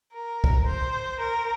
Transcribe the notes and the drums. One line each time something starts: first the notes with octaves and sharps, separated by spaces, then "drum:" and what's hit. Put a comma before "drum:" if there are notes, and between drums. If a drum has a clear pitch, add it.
A#4
drum: kick
C5
A#4